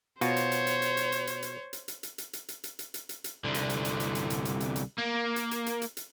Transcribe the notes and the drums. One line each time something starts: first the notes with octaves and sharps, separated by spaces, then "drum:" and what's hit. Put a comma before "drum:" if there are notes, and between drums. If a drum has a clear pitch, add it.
B2 F4 F#4 C5 C#5, drum: hi-hat
drum: hi-hat
drum: hi-hat
drum: hi-hat
drum: hi-hat
drum: hi-hat
drum: hi-hat
drum: hi-hat
drum: hi-hat
drum: hi-hat
drum: hi-hat
drum: hi-hat
drum: hi-hat
drum: hi-hat
drum: hi-hat
drum: hi-hat
drum: hi-hat
drum: hi-hat
drum: hi-hat
drum: hi-hat
C2 D3
drum: hi-hat
drum: hi-hat
drum: hi-hat
drum: hi-hat
drum: hi-hat
drum: hi-hat
drum: hi-hat
drum: hi-hat
drum: hi-hat
A#3
drum: hi-hat
drum: hi-hat
drum: hi-hat
drum: hi-hat
drum: hi-hat